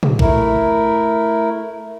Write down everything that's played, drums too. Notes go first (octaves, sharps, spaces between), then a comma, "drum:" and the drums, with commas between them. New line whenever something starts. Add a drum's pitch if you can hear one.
drum: tom
A3 E4 A#4, drum: kick A#1